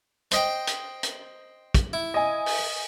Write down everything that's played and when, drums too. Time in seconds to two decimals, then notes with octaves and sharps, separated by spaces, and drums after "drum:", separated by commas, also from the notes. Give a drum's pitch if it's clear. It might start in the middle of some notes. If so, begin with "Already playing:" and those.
0.31 C5 D#5 G5, drum: hi-hat
0.67 drum: hi-hat
1.03 drum: hi-hat
1.74 drum: kick, hi-hat
1.93 E4
2.14 D#5 G#5
2.46 drum: open hi-hat